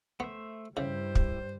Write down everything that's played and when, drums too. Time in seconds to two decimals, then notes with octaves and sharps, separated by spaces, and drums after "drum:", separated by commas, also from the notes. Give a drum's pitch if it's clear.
0.20 A3 B3 C5 E5
0.77 G2 C#3 G3 E4 G4 C5
1.15 drum: kick